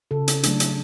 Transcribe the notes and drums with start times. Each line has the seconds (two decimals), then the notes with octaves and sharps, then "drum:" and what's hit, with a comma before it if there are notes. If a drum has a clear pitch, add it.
0.11 C#3 A4
0.28 drum: hi-hat
0.43 F#3 A3 D4, drum: hi-hat
0.60 drum: hi-hat